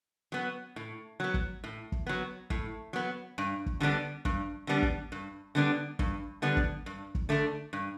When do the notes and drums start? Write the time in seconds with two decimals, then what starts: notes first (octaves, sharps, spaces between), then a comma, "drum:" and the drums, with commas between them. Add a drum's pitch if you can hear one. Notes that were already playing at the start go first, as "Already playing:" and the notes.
0.32 F#3 B3
0.76 A2
1.20 F#3 B3
1.34 drum: kick
1.64 A2
1.92 drum: kick
2.07 F#3 B3
2.50 A2, drum: kick
2.93 F#3 B3
3.38 G2
3.66 drum: kick
3.80 D3 G3 B3 D4
4.25 G2, drum: kick
4.67 D3 G3 B3 D4
4.82 drum: kick
5.12 G2
5.55 D3 G3 B3 D4
5.99 G2, drum: kick
6.42 D3 G3 B3 D4
6.57 drum: kick
6.86 G2
7.15 drum: kick
7.29 D3 A3 D4
7.73 G2